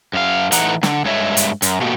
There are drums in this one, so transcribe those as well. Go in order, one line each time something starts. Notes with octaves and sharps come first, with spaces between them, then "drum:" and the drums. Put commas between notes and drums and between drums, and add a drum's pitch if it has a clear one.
F#2 F5
A2 E3 D#4 F#5 A#5, drum: hi-hat
D3, drum: snare
G2 G#3 C#5 E5
drum: hi-hat
F#2, drum: hi-hat
B2 A3 A#3 F#4 G4